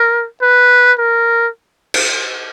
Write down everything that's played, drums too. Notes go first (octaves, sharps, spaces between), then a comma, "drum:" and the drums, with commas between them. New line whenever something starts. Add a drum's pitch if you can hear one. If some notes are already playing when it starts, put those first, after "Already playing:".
Already playing: A#4
B4
A#4
drum: cymbal